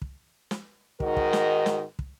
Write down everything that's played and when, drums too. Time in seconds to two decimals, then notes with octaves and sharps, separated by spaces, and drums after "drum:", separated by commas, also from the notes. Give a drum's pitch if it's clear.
0.02 drum: kick
0.51 drum: snare
1.00 G#2 D#3 F#4 A#4 D#5, drum: kick
1.17 drum: kick
1.33 drum: snare
1.66 drum: snare
1.99 drum: kick